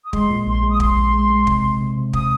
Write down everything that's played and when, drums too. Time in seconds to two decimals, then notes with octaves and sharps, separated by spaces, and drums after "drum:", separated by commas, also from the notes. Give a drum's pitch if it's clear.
0.04 D#6
0.13 G#3 C6, drum: kick
0.30 A#2
0.47 A#1 C6
0.63 G#3
0.70 D#6
0.80 A#1 C6, drum: kick
0.97 A#1
1.13 G#3
1.30 G#3
1.47 C3, drum: kick
1.64 C3
1.81 C3
1.97 C3
2.13 C3 D#6, drum: kick